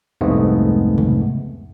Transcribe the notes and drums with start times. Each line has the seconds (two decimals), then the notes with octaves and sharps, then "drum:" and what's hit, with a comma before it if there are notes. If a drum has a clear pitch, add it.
0.21 C2 F2 G#2 G#3 A3 B3
0.98 drum: tom C3